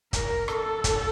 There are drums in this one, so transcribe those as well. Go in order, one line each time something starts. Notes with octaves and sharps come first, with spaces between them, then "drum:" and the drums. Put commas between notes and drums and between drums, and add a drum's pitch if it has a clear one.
A#4, drum: kick, hi-hat
A4, drum: rim click
drum: kick, hi-hat